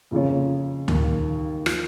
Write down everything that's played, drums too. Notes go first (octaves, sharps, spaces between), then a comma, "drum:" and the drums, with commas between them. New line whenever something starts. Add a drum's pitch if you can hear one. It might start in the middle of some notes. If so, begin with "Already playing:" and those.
F2 C#3 A#3 F4 C#5
D#2 D#3 A#3, drum: tom D2
F3, drum: rim click